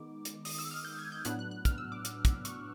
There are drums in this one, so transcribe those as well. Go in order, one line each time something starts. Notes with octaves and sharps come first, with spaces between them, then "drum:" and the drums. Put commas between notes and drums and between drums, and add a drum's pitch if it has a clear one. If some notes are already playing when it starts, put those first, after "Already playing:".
Already playing: D#3 G#3 B3 D#4 D6
drum: hi-hat
D#6, drum: open hi-hat
E6
F6
G6
G#6
G6
A2 F#3 B3 D4 F#6, drum: hi-hat
F#6
F#6
F6, drum: kick, hi-hat
E6
D6
drum: hi-hat
drum: kick, hi-hat
C#6, drum: hi-hat